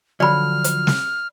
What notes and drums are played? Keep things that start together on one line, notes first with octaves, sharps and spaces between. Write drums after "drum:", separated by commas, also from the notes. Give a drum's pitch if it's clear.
D3 F3 F#3 D5 B5 F6
drum: hi-hat
drum: snare